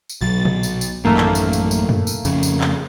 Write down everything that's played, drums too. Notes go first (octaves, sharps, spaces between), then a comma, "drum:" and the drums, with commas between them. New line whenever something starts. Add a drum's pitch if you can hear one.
drum: tambourine
B1 F#3 A6
drum: tom A#2
drum: tambourine
drum: tambourine
A1 F#2 D#3 A3 A#3
drum: clap
drum: tambourine
drum: tambourine
drum: tambourine
drum: tom F#2
drum: tambourine
F2 C#3, drum: tambourine
drum: tambourine
drum: clap